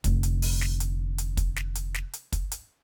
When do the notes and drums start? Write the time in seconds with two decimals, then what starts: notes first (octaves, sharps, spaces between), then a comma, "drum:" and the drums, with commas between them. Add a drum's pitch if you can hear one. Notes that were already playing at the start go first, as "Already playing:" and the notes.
0.04 F1 D3, drum: kick, hi-hat
0.23 drum: hi-hat
0.42 drum: open hi-hat
0.61 drum: snare
0.80 drum: hi-hat
1.18 drum: hi-hat
1.37 drum: kick, hi-hat
1.56 drum: snare
1.75 drum: hi-hat
1.94 drum: snare
2.13 drum: hi-hat
2.32 drum: kick, hi-hat
2.52 drum: hi-hat